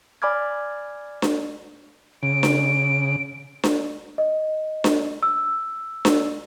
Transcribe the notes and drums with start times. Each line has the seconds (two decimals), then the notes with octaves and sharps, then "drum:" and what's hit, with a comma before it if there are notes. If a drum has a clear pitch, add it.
0.22 D5 G#5 B5 D6 F6 G#6
1.22 drum: snare D4
2.23 C#3 D7
2.43 drum: snare D4
3.64 drum: snare D4
4.18 D#5
4.84 drum: snare D4
5.23 E6
6.05 drum: snare D4